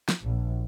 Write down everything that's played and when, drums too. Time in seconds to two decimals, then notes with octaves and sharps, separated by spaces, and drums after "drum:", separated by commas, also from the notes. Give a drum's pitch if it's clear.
0.09 drum: snare
0.22 A#1